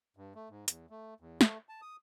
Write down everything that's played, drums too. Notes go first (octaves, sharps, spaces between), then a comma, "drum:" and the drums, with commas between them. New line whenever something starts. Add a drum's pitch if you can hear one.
G2
A3
G#2
E2, drum: hi-hat
A3
E2
A3, drum: snare
A5
D#6